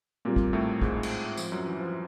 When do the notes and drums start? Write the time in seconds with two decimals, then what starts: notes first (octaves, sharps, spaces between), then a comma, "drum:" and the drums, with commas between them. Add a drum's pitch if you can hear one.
0.25 A#2 G3 A#3 C4 F4
0.36 drum: kick
0.53 A2 A3
0.82 G#2 G#3, drum: kick
1.03 drum: cymbal
1.37 F3, drum: tambourine
1.52 F#2 F#3
1.66 E3
1.80 F3